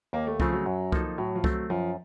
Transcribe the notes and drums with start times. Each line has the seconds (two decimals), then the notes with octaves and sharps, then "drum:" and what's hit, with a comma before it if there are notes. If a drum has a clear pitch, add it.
0.13 D#2 A#3
0.27 A3
0.40 C#3 F3 A3 C4, drum: kick C2
0.53 F#3
0.66 F#2
0.92 F3 A#3 D#4 A4, drum: kick C2
1.18 A2 F#3
1.35 F3
1.44 F#3 A3 C4, drum: kick C2
1.70 F#2 F3